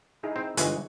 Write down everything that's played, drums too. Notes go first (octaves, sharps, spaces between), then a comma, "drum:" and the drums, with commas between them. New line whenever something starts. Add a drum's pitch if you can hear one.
D#4 E4 G#4
C4
G1 E3 G#3 C#6, drum: hi-hat